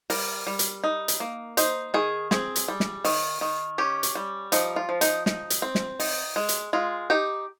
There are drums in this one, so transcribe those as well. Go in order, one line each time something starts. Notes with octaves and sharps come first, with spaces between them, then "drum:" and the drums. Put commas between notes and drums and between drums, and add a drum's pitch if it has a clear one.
G3 A#4, drum: open hi-hat
G3
drum: hi-hat
D#4
drum: hi-hat
A#3
D#4 C5, drum: hi-hat
D#3 G#4
C4 G#4, drum: snare
drum: hi-hat
G3
drum: snare
D#3, drum: open hi-hat
D#3
C#4 G4
drum: hi-hat
G3
F3 D#4, drum: hi-hat
F4
F3
D#4, drum: hi-hat
D#4, drum: snare
drum: hi-hat
C4
drum: snare
D#4, drum: open hi-hat
G#3
drum: hi-hat
G#3 F4
D#4 G4